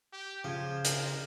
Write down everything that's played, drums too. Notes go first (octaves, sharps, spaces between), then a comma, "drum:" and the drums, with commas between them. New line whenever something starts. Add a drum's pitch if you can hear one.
G4
C#3 F3 C5 G#6
A#4, drum: hi-hat